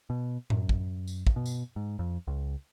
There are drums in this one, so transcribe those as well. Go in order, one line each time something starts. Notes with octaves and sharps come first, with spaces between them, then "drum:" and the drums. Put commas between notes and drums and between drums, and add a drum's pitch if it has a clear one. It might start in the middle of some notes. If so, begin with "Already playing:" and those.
B2
F#2, drum: tom A2
drum: kick
drum: tambourine
drum: kick
B2
drum: tambourine
G#2
F2
C#2